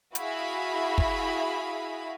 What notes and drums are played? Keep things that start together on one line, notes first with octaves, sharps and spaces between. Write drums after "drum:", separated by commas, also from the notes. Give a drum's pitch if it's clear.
E4 F#4 G#4 E5 F5 B5, drum: hi-hat
drum: kick